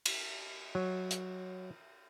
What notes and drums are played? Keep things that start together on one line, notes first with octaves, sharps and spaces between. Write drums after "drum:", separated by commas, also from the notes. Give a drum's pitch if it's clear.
drum: cymbal
F#3
drum: hi-hat